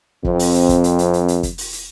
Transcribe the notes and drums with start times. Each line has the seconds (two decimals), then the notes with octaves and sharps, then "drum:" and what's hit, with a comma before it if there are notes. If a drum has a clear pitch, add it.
0.25 F2 C4, drum: kick
0.39 drum: open hi-hat
0.54 drum: hi-hat
0.69 drum: kick, hi-hat
0.84 drum: hi-hat
0.99 drum: hi-hat
1.13 drum: hi-hat
1.28 drum: hi-hat
1.43 drum: kick, hi-hat
1.58 drum: open hi-hat
1.73 drum: hi-hat